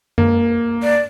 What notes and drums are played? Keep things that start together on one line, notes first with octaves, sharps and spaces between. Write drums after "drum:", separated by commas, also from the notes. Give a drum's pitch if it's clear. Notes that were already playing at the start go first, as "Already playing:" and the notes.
A#3, drum: tom F#2
D5